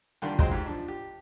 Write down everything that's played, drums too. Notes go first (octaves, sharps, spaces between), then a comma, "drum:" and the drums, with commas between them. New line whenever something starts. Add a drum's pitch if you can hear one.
D#2 G3 A#3 D4 F#5 C6
F#3 G#3 F4 C5 D#5 G5, drum: kick
G#2 G4
F3 D4
G4